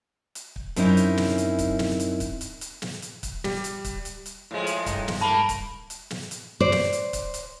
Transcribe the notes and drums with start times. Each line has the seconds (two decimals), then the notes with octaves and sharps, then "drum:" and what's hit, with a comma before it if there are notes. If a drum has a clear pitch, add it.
0.35 drum: hi-hat
0.56 drum: kick
0.76 F#2 C4 C#4 D#4 E4, drum: hi-hat
0.97 drum: hi-hat
1.17 drum: snare
1.38 drum: hi-hat
1.59 drum: kick, hi-hat
1.79 drum: snare
2.00 drum: hi-hat
2.20 drum: kick, hi-hat
2.41 drum: hi-hat
2.61 drum: hi-hat
2.82 drum: snare
3.02 drum: hi-hat
3.23 drum: kick, hi-hat
3.44 G3, drum: snare
3.64 drum: hi-hat
3.85 drum: kick, hi-hat
4.05 drum: hi-hat
4.26 drum: hi-hat
4.51 A2 F3 G#3
4.67 drum: hi-hat
4.86 G2 D#4, drum: kick, hi-hat
5.08 drum: snare
5.21 A3 A#3 A5 B5
5.49 drum: kick, hi-hat
5.90 drum: hi-hat
6.10 drum: snare
6.31 drum: hi-hat
6.60 C5 D5
6.72 drum: snare
6.93 drum: hi-hat
7.13 drum: kick, hi-hat
7.34 drum: hi-hat